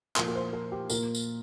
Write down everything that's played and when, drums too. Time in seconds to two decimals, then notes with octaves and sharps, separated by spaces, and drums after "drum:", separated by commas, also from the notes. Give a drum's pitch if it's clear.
0.16 A#2 F3 A#3 A#4, drum: clap
0.28 A#4
0.35 C5
0.53 A#4
0.72 G4
0.90 A#2 A#3 A#4, drum: tambourine
1.15 drum: tambourine